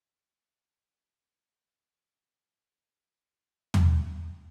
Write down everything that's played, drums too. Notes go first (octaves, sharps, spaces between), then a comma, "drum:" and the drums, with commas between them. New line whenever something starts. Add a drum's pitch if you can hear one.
F1 C2
G3 C#4
drum: tom